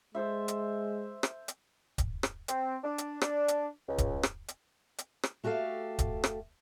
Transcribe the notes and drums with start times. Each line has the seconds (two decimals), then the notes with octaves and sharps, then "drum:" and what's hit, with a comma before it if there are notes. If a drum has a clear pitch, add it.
0.15 G#3 A4 C5 E5
0.48 drum: hi-hat
1.23 drum: rim click
1.48 drum: hi-hat
1.98 drum: kick, hi-hat
2.23 drum: rim click
2.48 C4, drum: hi-hat
2.83 D4
2.98 drum: hi-hat
3.22 D4, drum: rim click
3.48 drum: hi-hat
3.88 C#2
3.98 drum: kick, hi-hat
4.23 drum: rim click
4.48 drum: hi-hat
4.98 drum: hi-hat
5.23 drum: rim click
5.44 A3 F#4 G4 A4 F5
5.99 drum: kick, hi-hat
6.24 drum: rim click